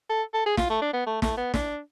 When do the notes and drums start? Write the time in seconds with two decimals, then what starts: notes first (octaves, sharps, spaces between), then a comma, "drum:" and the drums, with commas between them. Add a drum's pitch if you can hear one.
0.10 A4
0.34 A4
0.46 G#4
0.57 F4, drum: snare
0.70 A3
0.82 D4
0.93 B3
1.06 A3
1.22 A3, drum: snare
1.37 B3
1.54 D4, drum: snare